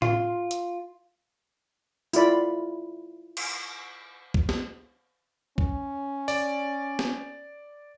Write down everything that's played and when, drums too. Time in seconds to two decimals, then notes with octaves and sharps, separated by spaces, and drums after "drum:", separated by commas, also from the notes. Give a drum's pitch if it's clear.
0.02 F4, drum: tom A2
0.51 drum: hi-hat
2.13 E4 F4 D5 B5, drum: tambourine
3.37 drum: cymbal
4.34 drum: kick C#2
4.49 drum: snare B3
5.58 C#4, drum: kick C#2
6.28 D5, drum: open hi-hat
6.99 drum: snare B3